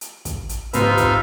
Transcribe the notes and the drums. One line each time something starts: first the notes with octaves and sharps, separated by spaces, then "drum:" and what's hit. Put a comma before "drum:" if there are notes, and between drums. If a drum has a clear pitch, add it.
drum: hi-hat
drum: kick, hi-hat
drum: hi-hat
F2 G#2 C3 D#4 F4 B4 E5 F5, drum: hi-hat
drum: kick, hi-hat